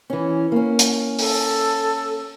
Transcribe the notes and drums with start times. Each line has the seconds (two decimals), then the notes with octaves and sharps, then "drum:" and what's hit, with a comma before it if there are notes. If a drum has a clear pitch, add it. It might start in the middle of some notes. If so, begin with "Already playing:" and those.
0.10 E3 C#4
0.52 A#3 C#4
0.79 drum: hi-hat
1.19 A4, drum: open hi-hat